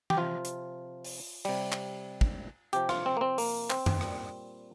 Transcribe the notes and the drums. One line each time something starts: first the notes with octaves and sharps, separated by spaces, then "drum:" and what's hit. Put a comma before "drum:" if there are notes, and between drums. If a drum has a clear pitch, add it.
G4, drum: tom E3
C3 F3 F4
drum: hi-hat
drum: open hi-hat
C3 G3, drum: cymbal
drum: clap
drum: kick
C3 F3 G4, drum: hi-hat
F4, drum: rim click
C4
A#3
C4
A#3, drum: open hi-hat
C4, drum: clap
drum: tom F#2
A#2 G3, drum: rim click